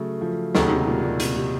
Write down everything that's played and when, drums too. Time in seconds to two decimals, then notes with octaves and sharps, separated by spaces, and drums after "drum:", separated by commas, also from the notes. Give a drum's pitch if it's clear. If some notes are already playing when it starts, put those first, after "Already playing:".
Already playing: C#3 F#3 A3 A4
0.21 F3
0.55 D#2 C#3 F#3 A3 D#4, drum: snare
0.71 C3
0.87 A#2
1.04 A#2
1.20 C3, drum: hi-hat
1.36 C3